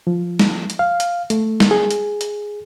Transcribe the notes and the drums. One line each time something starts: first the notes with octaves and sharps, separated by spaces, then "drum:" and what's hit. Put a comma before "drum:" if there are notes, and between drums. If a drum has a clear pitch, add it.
F3
drum: snare
drum: hi-hat
F5
drum: hi-hat
A3, drum: hi-hat
drum: snare
G#4
drum: hi-hat
drum: hi-hat